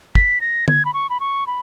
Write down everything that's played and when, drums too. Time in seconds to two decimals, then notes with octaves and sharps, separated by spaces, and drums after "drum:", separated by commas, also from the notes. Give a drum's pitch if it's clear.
0.15 B6, drum: kick
0.41 A#6
0.68 G#6, drum: tom D3
0.85 B5
0.94 C#6
1.10 B5
1.20 C#6
1.47 B5